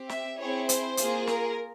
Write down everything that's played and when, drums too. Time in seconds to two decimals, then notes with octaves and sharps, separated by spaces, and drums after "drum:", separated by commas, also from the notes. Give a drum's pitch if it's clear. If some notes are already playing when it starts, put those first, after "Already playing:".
Already playing: C4 G4
0.09 E5, drum: snare
0.39 C4 E4 G#4 C#5
0.69 C5, drum: hi-hat
0.97 A#3 F4 G#4, drum: hi-hat
1.27 A#4, drum: snare